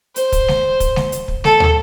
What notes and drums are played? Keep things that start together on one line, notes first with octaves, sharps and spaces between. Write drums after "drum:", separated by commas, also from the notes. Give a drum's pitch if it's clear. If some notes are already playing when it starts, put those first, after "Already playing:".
C5, drum: hi-hat
drum: kick, hi-hat
drum: snare
drum: kick, hi-hat
drum: snare
drum: hi-hat
drum: kick
A4, drum: snare
drum: tom